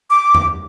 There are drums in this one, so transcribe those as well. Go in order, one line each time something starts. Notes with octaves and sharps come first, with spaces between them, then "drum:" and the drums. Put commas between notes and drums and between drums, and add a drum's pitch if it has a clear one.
D6
drum: tom E2